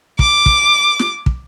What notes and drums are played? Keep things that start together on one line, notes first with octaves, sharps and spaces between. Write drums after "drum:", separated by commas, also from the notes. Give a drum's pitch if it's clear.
D6, drum: kick
drum: kick
drum: snare
drum: kick